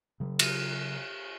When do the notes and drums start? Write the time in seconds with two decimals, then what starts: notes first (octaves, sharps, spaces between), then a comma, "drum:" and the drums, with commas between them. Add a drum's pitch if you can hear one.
0.20 C#3 F#3
0.39 drum: cymbal